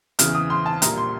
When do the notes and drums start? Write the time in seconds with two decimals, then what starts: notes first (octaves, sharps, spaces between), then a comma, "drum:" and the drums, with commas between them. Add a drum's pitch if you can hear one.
0.19 E2 C#3 E3 F6, drum: hi-hat
0.35 D#6
0.50 C6
0.66 A5
0.82 A#1 A#2 G3 A#5, drum: hi-hat
0.98 C6